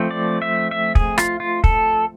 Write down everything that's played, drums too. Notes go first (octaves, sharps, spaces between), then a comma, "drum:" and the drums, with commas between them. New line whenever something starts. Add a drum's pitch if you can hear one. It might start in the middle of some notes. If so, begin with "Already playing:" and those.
Already playing: F3 A3 C4
D5
E5
E5
G#4, drum: kick
F4, drum: rim click
F4
A4, drum: kick